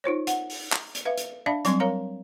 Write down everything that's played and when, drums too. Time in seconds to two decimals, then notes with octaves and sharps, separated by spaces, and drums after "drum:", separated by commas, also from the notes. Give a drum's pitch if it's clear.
0.04 D#4 F4 C5 C#5
0.27 F#5, drum: hi-hat
0.50 drum: open hi-hat
0.72 drum: clap
0.95 drum: hi-hat
1.05 B4 E5 F5
1.18 drum: hi-hat
1.46 D4 D5 E5 F5 A5 B5
1.65 F#3 G3 C4 C6, drum: hi-hat
1.80 A#4 C#5 F5 A#5